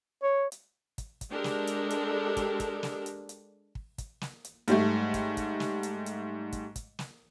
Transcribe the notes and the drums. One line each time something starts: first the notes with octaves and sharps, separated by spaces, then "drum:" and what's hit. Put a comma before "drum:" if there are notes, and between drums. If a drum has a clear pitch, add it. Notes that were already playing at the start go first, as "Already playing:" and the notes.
C#5
drum: hi-hat
drum: kick, hi-hat
drum: kick, hi-hat
G#3 D4 G4 A4 A#4
drum: snare
drum: hi-hat
drum: hi-hat
drum: kick, hi-hat
drum: kick, hi-hat
drum: snare
drum: hi-hat
drum: hi-hat
drum: kick
drum: kick, hi-hat
drum: snare
drum: hi-hat
G#2 G3 A3, drum: hi-hat
drum: kick, hi-hat
drum: kick, hi-hat
drum: snare
drum: hi-hat
drum: hi-hat
drum: kick, hi-hat
drum: kick, hi-hat
drum: snare